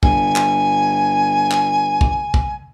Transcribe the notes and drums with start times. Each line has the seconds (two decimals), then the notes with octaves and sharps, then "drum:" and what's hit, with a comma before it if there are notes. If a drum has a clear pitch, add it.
0.03 G1 G#5, drum: kick
0.36 drum: clap
1.51 drum: clap
2.01 drum: kick
2.34 drum: kick